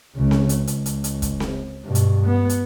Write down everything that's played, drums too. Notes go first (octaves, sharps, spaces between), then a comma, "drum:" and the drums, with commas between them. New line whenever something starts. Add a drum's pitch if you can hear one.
C#2 C#3
drum: snare C4
drum: hi-hat
C#2, drum: hi-hat
drum: hi-hat
drum: hi-hat
drum: kick, hi-hat
drum: snare C4
G2 B2
drum: hi-hat
B3
drum: hi-hat